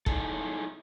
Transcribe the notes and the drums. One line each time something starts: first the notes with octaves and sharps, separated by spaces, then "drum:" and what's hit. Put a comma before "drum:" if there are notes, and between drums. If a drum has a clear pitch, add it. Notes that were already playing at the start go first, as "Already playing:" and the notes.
D#4 E4 G#4 A4, drum: kick